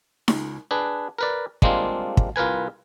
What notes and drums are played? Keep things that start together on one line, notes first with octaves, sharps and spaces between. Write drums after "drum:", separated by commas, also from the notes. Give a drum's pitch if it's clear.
C#2, drum: snare D#4
D4 G#4 B4
A#4 B4 D5
G3 G#3 A#3 C4 D4 F4, drum: kick
drum: kick
C2 F4 A#4 B4 G#5